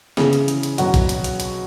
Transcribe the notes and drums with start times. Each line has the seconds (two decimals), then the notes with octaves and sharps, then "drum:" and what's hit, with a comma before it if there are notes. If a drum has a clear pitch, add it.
0.17 C#3 E3 G#4, drum: snare
0.33 drum: hi-hat
0.48 drum: hi-hat
0.63 drum: hi-hat
0.78 B2 F#3 F#4, drum: hi-hat
0.94 drum: kick, hi-hat
1.09 drum: hi-hat
1.24 drum: hi-hat
1.40 drum: hi-hat